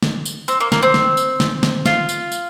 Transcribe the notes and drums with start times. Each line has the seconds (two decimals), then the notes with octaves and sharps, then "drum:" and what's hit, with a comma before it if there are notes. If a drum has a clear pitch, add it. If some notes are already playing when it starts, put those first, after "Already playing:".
0.03 drum: snare
0.25 drum: tambourine
0.48 C4, drum: tambourine
0.60 A#3
0.72 A#3, drum: snare
0.83 C4
0.94 drum: snare
1.17 drum: tambourine
1.40 drum: snare
1.63 drum: snare
1.86 F4, drum: snare
2.09 drum: tambourine
2.32 drum: tambourine